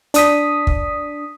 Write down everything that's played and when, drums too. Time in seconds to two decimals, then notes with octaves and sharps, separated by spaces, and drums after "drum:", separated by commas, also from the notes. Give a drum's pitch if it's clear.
0.14 D4 D#6 B6, drum: hi-hat
0.67 drum: kick